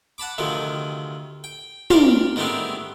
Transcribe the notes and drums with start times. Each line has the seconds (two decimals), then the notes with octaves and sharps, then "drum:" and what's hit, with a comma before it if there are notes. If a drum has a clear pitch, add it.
0.18 F#5 A5 B5 D6
0.38 D2 C3 D#3 F3
1.44 G5
1.90 G3 G4 A#4 C5 D5 G5, drum: tom
2.36 G#2 D#3 G3 A3 B3 C4